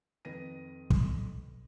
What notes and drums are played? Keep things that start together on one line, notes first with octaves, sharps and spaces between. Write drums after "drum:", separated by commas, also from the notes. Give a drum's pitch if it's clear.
F2 D#3 B4 A#6 D#7
drum: kick